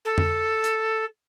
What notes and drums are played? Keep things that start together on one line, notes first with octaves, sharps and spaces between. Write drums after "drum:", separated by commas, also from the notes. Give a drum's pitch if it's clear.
A4
drum: tom F2
drum: hi-hat